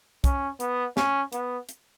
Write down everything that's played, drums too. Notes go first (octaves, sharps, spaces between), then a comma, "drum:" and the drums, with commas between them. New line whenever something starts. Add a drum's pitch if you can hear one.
C#4, drum: kick, hi-hat
B3, drum: hi-hat
C#4, drum: snare
B3, drum: hi-hat
drum: hi-hat